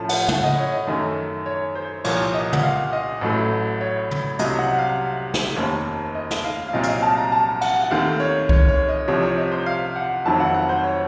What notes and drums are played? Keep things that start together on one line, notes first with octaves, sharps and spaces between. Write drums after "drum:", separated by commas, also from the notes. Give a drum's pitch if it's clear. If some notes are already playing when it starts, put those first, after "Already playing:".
Already playing: A2 F3 A3 C#4 A5
F#5, drum: cymbal
F#5, drum: tom
D#5
C#5
D#5
F#2 D#3 A3 C#4
C#5
C5
C2 A#2 F3 A#3 C#5, drum: cymbal
D#5
F#5, drum: tom
F5
D#5
A1 A2 F#3 A3
C#5
drum: tom
C2 C3 F#3 D#5, drum: hi-hat
F#5
F5
drum: snare
F1 D#2 D#3 A#3 C#4
D#5
drum: snare
F5
F5
C2 A#2 F#3 C4 D#5
F5, drum: hi-hat
D#5
A5
A#5
A5
F#5, drum: cymbal
F#5
D#2 D#3 A3 C4 F5
C#5
C#5, drum: kick C2
C#5
D#5
C2 C3 F3 C4 C#5
C#5
D#5
C5
F5
F#5
F1 F2 D#3 F#3 C4 A5
F#5
F#5
C5
C#5